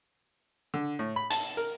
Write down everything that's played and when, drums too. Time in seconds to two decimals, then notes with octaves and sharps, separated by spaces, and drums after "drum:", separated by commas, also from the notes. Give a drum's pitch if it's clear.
0.74 D3
0.99 A2
1.16 B5
1.30 A5, drum: hi-hat
1.57 A#4